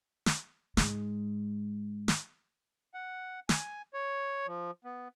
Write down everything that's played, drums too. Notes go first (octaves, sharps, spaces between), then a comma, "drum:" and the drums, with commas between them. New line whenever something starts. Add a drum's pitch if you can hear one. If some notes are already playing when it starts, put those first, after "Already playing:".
drum: snare
G#2 G#3, drum: snare
drum: snare
F#5
G#5, drum: snare
C#5
F3
B3